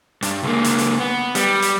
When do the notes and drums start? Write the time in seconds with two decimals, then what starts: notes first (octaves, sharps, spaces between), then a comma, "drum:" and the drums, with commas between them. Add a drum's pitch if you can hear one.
0.23 G2, drum: hi-hat
0.43 C#2 A#3
0.64 drum: hi-hat
0.78 drum: hi-hat
1.00 B3
1.35 G3, drum: hi-hat
1.62 drum: hi-hat